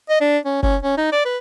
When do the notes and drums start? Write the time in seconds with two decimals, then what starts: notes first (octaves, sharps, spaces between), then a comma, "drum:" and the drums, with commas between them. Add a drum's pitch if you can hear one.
0.10 D#5
0.21 D4
0.45 C#4
0.63 C#4, drum: kick
0.83 C#4
0.98 D#4
1.12 D5
1.25 B4